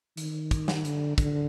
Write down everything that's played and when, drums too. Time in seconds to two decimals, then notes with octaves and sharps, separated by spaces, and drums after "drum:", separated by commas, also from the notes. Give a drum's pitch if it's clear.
0.17 D#3, drum: hi-hat
0.51 drum: kick, hi-hat
0.68 drum: snare
0.85 D3, drum: hi-hat
1.18 D3, drum: kick, hi-hat